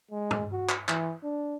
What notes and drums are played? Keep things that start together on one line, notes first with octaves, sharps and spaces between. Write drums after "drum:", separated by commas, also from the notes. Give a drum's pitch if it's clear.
G#3
drum: tom
F#4
drum: clap
E3, drum: clap
D4